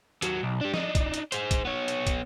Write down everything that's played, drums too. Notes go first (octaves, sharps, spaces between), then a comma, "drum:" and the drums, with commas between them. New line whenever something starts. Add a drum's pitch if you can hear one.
D#2 F#3, drum: hi-hat
B1
D4 G4
D4 D#4, drum: snare F3
drum: kick, hi-hat
drum: hi-hat
G#4 C5, drum: hi-hat
drum: kick, hi-hat
B3 C#5
drum: hi-hat
drum: kick, hi-hat